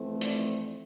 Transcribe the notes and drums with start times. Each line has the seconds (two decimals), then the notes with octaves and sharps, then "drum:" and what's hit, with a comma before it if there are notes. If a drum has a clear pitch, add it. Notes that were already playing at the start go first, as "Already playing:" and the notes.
Already playing: F2 E3 A3 C4
0.21 D5, drum: hi-hat